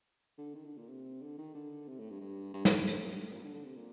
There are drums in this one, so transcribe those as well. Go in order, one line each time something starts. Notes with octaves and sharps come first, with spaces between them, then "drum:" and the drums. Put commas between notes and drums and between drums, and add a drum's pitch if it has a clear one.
D3
D#3
D3
A#2
C3
D3
D#3
D3
C3
A2
G2
G2
G2
G2, drum: snare
F#2
G2, drum: hi-hat
A2
F#2
G2
A2
A#2
D3
D3
C3
A#2